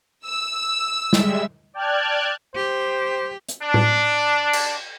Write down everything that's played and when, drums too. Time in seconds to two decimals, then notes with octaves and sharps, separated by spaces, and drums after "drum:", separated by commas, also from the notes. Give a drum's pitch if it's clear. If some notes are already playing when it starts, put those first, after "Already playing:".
0.25 E6
1.13 G3 G#3 E5, drum: snare
1.74 D5 G5 A5 F6 F#6 G#6
2.56 G4 C5
3.48 drum: hi-hat
3.62 D4
3.74 drum: tom A2
4.53 drum: cymbal